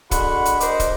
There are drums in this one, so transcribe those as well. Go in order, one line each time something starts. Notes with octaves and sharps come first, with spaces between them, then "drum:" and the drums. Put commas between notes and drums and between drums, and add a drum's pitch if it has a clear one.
D3 G#3 F#4 F#5 B5 C6, drum: kick, hi-hat
drum: hi-hat
A#4 C5 D5 D#5, drum: hi-hat
drum: kick, hi-hat